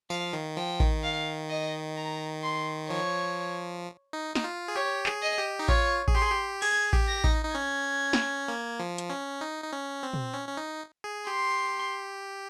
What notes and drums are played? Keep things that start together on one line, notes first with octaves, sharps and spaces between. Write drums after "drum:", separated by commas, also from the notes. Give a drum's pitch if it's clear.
F3 F5, drum: tambourine
D#3
F3 G5
D#3, drum: kick A1
F5
D#5
A#5
C6
F3 C#5
D#4
D#4, drum: snare
F4
G#4
G4 C#5
G#4, drum: clap
D#5
G4
D#4
F4 C#5, drum: kick A1
G#4, drum: kick A1
G4 C6
G#4
G4
G#4 G#6, drum: cymbal
G4, drum: kick A1
A#6
D#4, drum: kick A1
D#4
C#4 G#6
drum: snare
A#3
F3
drum: hi-hat
C#4
D#4
D#4
C#4
C4
drum: tom
C#4
C#4
D#4
G#4
G4 C6